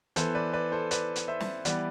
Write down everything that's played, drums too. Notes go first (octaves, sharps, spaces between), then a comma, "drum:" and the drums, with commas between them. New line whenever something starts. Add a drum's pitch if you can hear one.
E3 B3 A4 C5, drum: hi-hat
B4 D5
B4 D5
A4 C5
B4 D5, drum: hi-hat
drum: hi-hat
C5 E5
drum: snare
E3 G3 B3 D5 F#5, drum: hi-hat